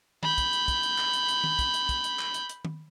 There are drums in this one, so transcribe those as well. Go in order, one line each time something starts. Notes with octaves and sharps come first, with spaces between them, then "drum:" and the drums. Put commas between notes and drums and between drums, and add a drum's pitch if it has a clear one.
B5 G6, drum: tom D#3
drum: kick, hi-hat
drum: hi-hat
drum: kick, hi-hat
drum: hi-hat
drum: clap
drum: hi-hat
drum: hi-hat
drum: tom D#3
drum: kick, hi-hat
drum: hi-hat
drum: kick, hi-hat
drum: hi-hat
drum: clap
drum: hi-hat
drum: hi-hat
drum: tom D#3